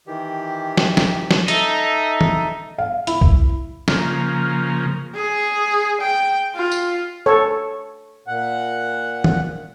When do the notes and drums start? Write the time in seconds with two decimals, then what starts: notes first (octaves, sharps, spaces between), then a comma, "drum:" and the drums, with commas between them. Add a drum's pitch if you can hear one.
0.07 D#3 E3 G4
0.77 drum: snare
0.97 drum: snare
1.31 drum: snare
1.48 D#4 A4 E5, drum: hi-hat
2.21 drum: tom D#3
2.78 F5
3.07 E4, drum: hi-hat
3.21 drum: kick B1
3.88 C#3 F3 A#3, drum: snare
5.15 G#4
6.01 G5
6.56 F4
6.72 drum: tambourine
7.26 A4 C#5
8.27 A#2 F#5
9.24 drum: tom D#3